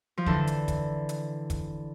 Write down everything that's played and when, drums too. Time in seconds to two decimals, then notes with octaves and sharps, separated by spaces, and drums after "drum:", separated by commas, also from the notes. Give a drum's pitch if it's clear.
0.17 F3
0.26 D3 E3, drum: kick
0.47 drum: hi-hat
0.68 drum: kick, hi-hat
1.09 drum: hi-hat
1.50 drum: kick, hi-hat